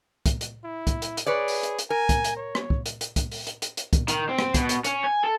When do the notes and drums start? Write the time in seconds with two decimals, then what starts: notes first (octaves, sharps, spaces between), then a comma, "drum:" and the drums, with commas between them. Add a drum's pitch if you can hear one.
0.26 drum: kick, hi-hat
0.41 drum: hi-hat
0.64 E4
0.87 drum: kick, hi-hat
1.02 drum: hi-hat
1.17 drum: hi-hat
1.26 G#4 B4 C#5 D5
1.48 drum: open hi-hat
1.63 drum: hi-hat
1.79 drum: hi-hat
1.90 A#4 G#5
2.09 drum: kick, hi-hat
2.24 drum: hi-hat
2.37 C#5
2.55 drum: rim click
2.70 drum: kick
2.86 drum: hi-hat
3.01 drum: hi-hat
3.16 drum: kick, hi-hat
3.31 drum: open hi-hat
3.47 drum: hi-hat
3.62 drum: hi-hat
3.77 drum: hi-hat
3.93 drum: kick, hi-hat
4.08 D#3, drum: hi-hat
4.29 C4
4.39 drum: rim click
4.54 B2, drum: kick, hi-hat
4.69 drum: hi-hat
4.84 C#4, drum: hi-hat
5.04 G#5
5.23 A4